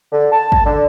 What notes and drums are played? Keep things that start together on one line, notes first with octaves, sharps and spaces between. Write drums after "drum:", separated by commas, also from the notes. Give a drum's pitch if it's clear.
D3
A5
drum: kick
D3